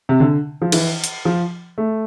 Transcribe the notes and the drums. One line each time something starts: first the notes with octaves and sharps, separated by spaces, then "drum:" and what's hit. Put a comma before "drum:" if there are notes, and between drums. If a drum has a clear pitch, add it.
C3
D3
F3
E3, drum: cymbal
drum: hi-hat
F3
A3